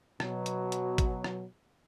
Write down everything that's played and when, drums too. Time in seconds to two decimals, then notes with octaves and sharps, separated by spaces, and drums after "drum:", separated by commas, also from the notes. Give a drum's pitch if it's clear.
0.20 B2 F#3, drum: rim click
0.46 drum: hi-hat
0.72 drum: hi-hat
0.98 drum: kick, hi-hat
1.24 drum: rim click